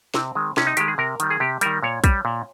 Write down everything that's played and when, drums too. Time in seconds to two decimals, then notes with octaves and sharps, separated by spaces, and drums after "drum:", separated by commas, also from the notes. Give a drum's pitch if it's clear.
0.14 C3 C4, drum: snare
0.35 D#3 G#3
0.57 C3 C#4, drum: snare
0.67 D#4
0.77 D#3 G#3 G4, drum: hi-hat
0.88 G#4
0.98 C3 A#4
1.20 D#3 G3, drum: hi-hat
1.30 G#4
1.40 C3 G4
1.61 D#3 G3 A#4, drum: hi-hat
1.83 A#2 C#5
2.04 G3, drum: kick, hi-hat
2.25 A#2